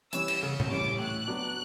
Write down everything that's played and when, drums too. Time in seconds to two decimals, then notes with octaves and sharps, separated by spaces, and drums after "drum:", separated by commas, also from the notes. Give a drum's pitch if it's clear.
0.13 E3 G3 C#4 E6, drum: hi-hat
0.28 drum: cymbal
0.43 C#3
0.60 drum: tom A#2
0.70 E3 G3 C#4 D6
0.99 A2 F#6
1.27 F#3 B3 D4 F#4